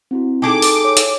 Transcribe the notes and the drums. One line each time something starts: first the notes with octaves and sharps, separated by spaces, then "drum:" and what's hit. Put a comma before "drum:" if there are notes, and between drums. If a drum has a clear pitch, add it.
C4 E4 F#4
D#4 G#4 A4 G5 A5 C#6 D6
drum: open hi-hat
C#5
drum: hi-hat